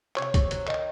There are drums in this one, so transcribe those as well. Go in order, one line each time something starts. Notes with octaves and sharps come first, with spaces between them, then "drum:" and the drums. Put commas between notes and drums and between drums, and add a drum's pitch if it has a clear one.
C3 C#5, drum: clap
C3, drum: kick, hi-hat
F#3, drum: hi-hat
D#3, drum: clap